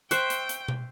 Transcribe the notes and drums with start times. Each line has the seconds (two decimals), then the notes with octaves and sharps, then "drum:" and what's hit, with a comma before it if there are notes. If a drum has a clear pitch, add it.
0.11 C5 E5 G5 C#6 F#6 C#7, drum: hi-hat
0.30 drum: hi-hat
0.49 drum: hi-hat
0.68 drum: tom